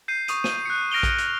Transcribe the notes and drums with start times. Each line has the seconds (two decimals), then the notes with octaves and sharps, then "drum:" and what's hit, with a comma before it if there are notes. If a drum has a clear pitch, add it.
0.08 G6 C7 D#7
0.28 C#6 D#6 D#7, drum: hi-hat
0.44 D#7, drum: snare
0.66 F#6 C#7
0.92 F6 A#6 D7 F7 G7
1.03 drum: kick A#1, hi-hat
1.18 drum: hi-hat